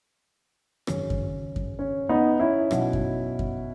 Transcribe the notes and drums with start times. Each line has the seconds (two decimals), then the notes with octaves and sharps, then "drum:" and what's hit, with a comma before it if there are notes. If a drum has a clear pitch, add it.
0.87 G#1 F#2 C#3 C#4, drum: rim click
1.10 drum: kick F#2
1.56 drum: kick F#2
1.79 C#4
2.09 B3 D#4
2.40 C#4 E4
2.71 B1 B2 F#3, drum: rim click
2.93 drum: kick F#2
3.39 drum: kick F#2